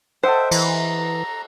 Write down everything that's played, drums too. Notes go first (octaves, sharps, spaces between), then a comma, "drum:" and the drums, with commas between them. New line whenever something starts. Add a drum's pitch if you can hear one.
A4 C5 D#5 E5 F#5 G5
E3 A#5, drum: cymbal